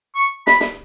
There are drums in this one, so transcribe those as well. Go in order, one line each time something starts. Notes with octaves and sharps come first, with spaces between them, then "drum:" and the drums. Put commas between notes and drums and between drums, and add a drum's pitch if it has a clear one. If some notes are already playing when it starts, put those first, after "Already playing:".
C#6
B5, drum: snare
drum: snare